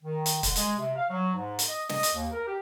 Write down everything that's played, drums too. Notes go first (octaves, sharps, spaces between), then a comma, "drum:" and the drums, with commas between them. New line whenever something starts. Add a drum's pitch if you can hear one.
D#3
drum: hi-hat
D3, drum: kick, hi-hat
G#3, drum: hi-hat
C3
F5
F#3
G#2
drum: hi-hat
D#5
D#5, drum: snare
drum: hi-hat
D#2
A#4
G4